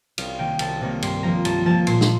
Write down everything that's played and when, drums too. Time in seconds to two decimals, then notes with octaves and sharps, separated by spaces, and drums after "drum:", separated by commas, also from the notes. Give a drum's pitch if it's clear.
0.18 C2 F5, drum: cymbal
0.39 C3 D#3 A#3 G5
0.59 C2 A5, drum: cymbal
0.81 C3 D#3 A#3
1.02 G2 C6, drum: cymbal
1.23 F3 A#3 A#5
1.45 G2 A5, drum: cymbal
1.66 F3 A#3 A5
1.87 A#2 C6, drum: cymbal
2.01 drum: snare